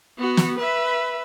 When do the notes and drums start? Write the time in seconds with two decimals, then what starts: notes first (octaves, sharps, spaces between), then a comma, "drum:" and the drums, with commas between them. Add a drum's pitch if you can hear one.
0.18 B3 F#4
0.37 drum: snare
0.58 B4 E5